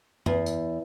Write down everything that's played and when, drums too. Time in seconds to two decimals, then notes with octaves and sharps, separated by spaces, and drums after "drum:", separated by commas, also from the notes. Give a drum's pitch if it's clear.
0.26 E2, drum: tom F#2
0.46 drum: tambourine